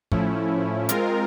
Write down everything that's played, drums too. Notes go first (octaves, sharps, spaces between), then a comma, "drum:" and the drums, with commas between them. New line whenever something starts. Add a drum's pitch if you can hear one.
A2 F3 A3 C#4 E4, drum: kick
G#3 C4 F4 A#4, drum: hi-hat